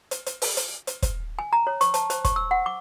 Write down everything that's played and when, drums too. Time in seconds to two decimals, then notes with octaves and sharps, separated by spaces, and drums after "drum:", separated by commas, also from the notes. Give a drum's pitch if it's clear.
0.11 drum: hi-hat
0.26 drum: hi-hat
0.42 drum: open hi-hat
0.57 drum: hi-hat
0.87 drum: hi-hat
1.02 drum: kick, hi-hat
1.39 G#5
1.53 A#5
1.67 C#5
1.81 C#6, drum: hi-hat
1.94 A5, drum: hi-hat
2.10 C5, drum: hi-hat
2.24 C#6, drum: kick, hi-hat
2.36 E6
2.51 F#5
2.66 D6